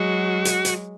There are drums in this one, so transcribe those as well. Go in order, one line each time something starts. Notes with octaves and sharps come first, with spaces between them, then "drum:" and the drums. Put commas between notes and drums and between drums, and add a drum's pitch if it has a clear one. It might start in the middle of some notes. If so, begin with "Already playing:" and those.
Already playing: F#3 G#3 F#4
drum: hi-hat
drum: hi-hat